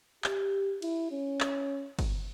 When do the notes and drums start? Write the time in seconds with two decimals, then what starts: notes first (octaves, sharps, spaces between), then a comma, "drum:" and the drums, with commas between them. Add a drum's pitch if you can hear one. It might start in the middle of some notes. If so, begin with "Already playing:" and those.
0.24 G4, drum: clap
0.82 E4, drum: cymbal
1.11 C#4
1.41 drum: clap
1.99 drum: kick, cymbal